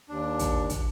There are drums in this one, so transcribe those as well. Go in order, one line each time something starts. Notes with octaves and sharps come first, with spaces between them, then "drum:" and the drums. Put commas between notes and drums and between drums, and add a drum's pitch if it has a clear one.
D#2 D4
drum: kick, hi-hat
drum: kick, hi-hat